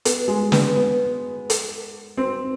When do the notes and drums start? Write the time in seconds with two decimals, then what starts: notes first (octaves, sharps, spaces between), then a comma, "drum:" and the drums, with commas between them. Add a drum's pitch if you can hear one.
0.05 B3, drum: hi-hat
0.28 G#3
0.52 B3, drum: snare
0.76 B3
1.50 drum: hi-hat
2.17 C4